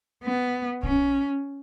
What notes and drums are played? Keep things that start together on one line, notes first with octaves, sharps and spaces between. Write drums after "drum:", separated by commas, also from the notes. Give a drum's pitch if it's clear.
B3
C#4, drum: kick A#1